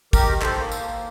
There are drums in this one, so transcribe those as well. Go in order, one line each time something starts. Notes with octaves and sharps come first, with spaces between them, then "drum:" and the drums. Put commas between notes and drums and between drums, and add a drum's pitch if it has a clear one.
D#3 G4 A#4, drum: kick, tambourine
A4 C5, drum: clap
A#3
drum: tambourine